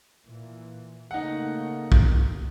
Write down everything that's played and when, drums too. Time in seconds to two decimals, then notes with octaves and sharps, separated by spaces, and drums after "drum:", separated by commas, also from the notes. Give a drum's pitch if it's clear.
0.25 A#2 E3
1.11 C#3 A3 A#3 D#4 F#5
1.92 drum: kick